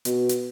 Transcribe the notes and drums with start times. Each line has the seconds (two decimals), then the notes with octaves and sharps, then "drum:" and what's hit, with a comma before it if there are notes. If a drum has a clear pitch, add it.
0.05 B2, drum: hi-hat
0.29 drum: hi-hat